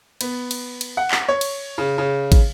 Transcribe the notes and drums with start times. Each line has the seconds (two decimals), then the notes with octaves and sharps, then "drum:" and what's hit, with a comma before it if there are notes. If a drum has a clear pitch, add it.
0.21 B3, drum: cymbal
0.51 drum: cymbal
0.81 drum: cymbal
0.97 F#5
1.11 drum: clap
1.28 C#5
1.41 drum: cymbal
1.78 C#3
1.98 C#3
2.32 drum: kick, cymbal